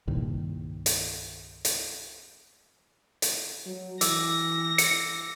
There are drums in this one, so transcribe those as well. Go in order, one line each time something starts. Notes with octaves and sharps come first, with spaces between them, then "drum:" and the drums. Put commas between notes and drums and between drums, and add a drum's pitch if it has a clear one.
C2 G2 A#2 D#3
drum: hi-hat
drum: hi-hat
drum: hi-hat
F#3
E3 D6 E6 A#6, drum: hi-hat
C#7, drum: hi-hat